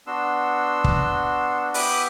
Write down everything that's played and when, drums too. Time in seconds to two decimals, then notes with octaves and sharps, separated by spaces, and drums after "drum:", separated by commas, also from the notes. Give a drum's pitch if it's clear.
0.06 B3 D4 F#4 C6 E6
0.84 drum: kick
1.74 B3 E4 G4 B5 D6, drum: open hi-hat